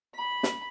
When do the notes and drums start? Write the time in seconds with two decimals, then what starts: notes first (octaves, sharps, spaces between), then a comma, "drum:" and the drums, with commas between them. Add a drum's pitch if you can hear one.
0.16 B5
0.43 drum: snare